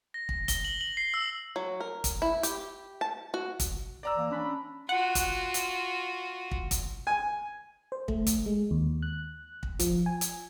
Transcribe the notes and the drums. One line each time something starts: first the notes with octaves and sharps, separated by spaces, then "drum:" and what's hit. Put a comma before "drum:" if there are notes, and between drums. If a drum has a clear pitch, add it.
A#6
drum: kick
G7, drum: kick, hi-hat
F#7
F#7
C7
E6
F#3
A#4
drum: kick, hi-hat
E4
G4, drum: hi-hat
A5
F#4
drum: kick, hi-hat
D5 A#5 E6
E3 A#3
C#4 D4 B5
F4 F#4 F#5
drum: kick, hi-hat
drum: hi-hat
drum: kick
drum: kick, hi-hat
G#5
C5
A3, drum: kick
drum: kick, hi-hat
G#3
D#2
F#6
drum: kick
F3, drum: kick, hi-hat
G#5
drum: hi-hat